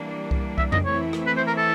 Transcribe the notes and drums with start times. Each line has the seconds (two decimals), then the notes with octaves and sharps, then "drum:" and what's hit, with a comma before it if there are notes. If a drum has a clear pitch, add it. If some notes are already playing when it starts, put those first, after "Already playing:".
Already playing: E3 G3 A#3 D4
0.31 drum: kick C2
0.58 E5, drum: kick C2
0.72 D#5, drum: tom F2
0.85 E3 A3 C4 E4 C#5
1.13 drum: rim click
1.27 B4
1.37 C5
1.47 A#4
1.58 A4